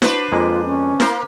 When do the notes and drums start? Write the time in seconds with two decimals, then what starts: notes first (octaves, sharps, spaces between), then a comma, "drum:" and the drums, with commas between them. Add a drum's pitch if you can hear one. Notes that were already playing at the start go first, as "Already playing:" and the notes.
0.02 D4 F#4 B4 C5, drum: snare E4
0.32 F2 G#3 A#3 F4
0.65 C#4
1.00 A#3 A#4 C5, drum: snare E4